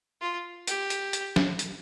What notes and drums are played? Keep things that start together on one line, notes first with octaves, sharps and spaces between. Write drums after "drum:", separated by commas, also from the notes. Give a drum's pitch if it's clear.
F4
G4, drum: hi-hat
drum: hi-hat
drum: hi-hat
drum: snare
drum: hi-hat